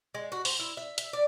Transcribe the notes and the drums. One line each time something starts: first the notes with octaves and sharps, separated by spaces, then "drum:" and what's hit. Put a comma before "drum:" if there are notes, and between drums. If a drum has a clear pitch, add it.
G#3
F#4
C5, drum: open hi-hat
E4
E5
E5, drum: hi-hat
D5